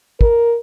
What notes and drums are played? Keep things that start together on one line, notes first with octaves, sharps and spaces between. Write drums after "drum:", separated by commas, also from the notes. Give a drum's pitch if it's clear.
A#4, drum: kick